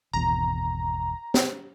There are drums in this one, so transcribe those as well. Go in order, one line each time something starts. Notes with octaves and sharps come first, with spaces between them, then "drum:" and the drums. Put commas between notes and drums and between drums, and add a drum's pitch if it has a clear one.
G#1 E2 B2 A#5
drum: snare